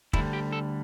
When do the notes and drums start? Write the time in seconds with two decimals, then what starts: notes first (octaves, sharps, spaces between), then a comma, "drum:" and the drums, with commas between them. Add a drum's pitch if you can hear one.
0.13 D2 D3 G3 E4, drum: kick
0.33 G4
0.52 A4